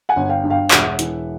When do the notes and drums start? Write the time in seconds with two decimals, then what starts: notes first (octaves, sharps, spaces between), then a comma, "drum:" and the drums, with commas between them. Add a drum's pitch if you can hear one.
0.09 F#5 G#5
0.16 G1
0.29 F5 G5
0.44 G2
0.50 F5 G5
0.71 E1 E5 F#5, drum: clap
0.99 E3, drum: hi-hat